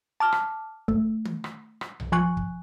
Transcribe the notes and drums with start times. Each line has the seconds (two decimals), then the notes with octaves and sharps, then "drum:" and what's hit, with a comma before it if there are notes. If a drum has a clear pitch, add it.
0.20 A5 D6 F6
0.32 drum: rim click
0.88 A3, drum: kick
1.25 drum: tom D#3
1.44 drum: rim click
1.81 drum: rim click
2.00 drum: tom B1
2.12 F3 G#5 C#6 F#6
2.37 drum: kick